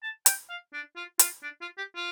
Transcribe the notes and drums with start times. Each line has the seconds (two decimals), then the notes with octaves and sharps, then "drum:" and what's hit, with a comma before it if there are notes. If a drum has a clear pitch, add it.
0.02 A5
0.26 G5, drum: hi-hat
0.49 F5
0.73 D4
0.96 F4
1.19 F4, drum: hi-hat
1.43 D4
1.61 F4
1.78 G4
1.96 F4